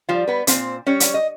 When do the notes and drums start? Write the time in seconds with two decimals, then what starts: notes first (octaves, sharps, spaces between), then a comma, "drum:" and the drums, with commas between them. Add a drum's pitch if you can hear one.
0.09 F3 G3 F4
0.28 B3 B4
0.47 A#2 C4 C5, drum: hi-hat
0.86 G3 C#4 C#5
1.00 drum: hi-hat
1.14 D#5